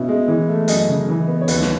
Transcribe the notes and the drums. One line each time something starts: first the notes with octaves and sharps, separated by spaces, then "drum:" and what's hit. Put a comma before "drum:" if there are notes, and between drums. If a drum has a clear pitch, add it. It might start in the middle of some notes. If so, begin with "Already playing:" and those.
Already playing: B2 C#4 E4
G#3
E3
A3
F#2 D#5, drum: hi-hat
C#3
E3
B3
C#5
D#2 B4, drum: hi-hat
drum: snare